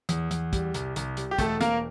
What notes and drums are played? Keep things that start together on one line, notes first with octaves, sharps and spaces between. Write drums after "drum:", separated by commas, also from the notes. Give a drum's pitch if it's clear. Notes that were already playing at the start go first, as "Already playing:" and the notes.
E2, drum: hi-hat
E2, drum: hi-hat
G3, drum: kick, hi-hat
C2, drum: hi-hat
C2, drum: hi-hat
G3, drum: hi-hat
G4
E1 A3 A4, drum: kick, hi-hat
E1 A#3 A#4, drum: hi-hat